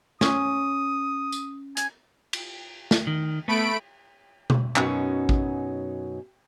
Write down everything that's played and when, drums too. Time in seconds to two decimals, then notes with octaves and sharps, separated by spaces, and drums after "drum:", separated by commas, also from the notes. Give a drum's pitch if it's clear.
0.21 C#4 D#6, drum: snare
1.32 drum: tambourine
1.77 G#5, drum: hi-hat
2.33 drum: cymbal
2.91 drum: snare
3.07 D#3
3.48 A3 B3 B5 D7
4.50 drum: tom B2
4.76 F#2 B2 F#3 C#4 D#4, drum: clap
5.29 drum: kick A1